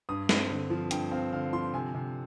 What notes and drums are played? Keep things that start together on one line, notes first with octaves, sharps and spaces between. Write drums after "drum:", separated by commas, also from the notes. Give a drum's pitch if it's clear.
G2 D#6
C4, drum: snare
D3
F3
G2 G5, drum: hi-hat
C4 F5
D3 F5
F3 C6
C3 G#5
C3